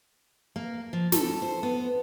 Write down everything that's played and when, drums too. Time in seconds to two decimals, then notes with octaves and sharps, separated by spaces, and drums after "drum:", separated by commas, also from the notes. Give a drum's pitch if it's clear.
0.56 A#3
0.93 F3
1.12 A4, drum: snare
1.42 C5
1.63 B3